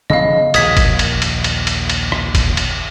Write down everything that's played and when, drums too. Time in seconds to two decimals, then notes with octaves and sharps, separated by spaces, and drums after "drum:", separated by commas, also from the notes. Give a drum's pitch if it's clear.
0.10 C#3 F3 B3 D#5 F5
0.54 A#1 D#2 D#6 G#6 B6, drum: cymbal
0.77 drum: kick G1, cymbal
0.99 drum: cymbal
1.22 drum: cymbal
1.44 drum: cymbal
1.67 drum: cymbal
1.90 drum: cymbal
2.12 drum: rim click
2.35 drum: kick G1, cymbal
2.57 drum: cymbal